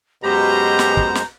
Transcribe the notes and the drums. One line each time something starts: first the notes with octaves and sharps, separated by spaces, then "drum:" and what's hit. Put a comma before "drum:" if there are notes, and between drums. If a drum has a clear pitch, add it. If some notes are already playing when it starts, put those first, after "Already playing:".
F#2 B2 G#3 G4 C5 A#5 G6
drum: snare
drum: kick
drum: snare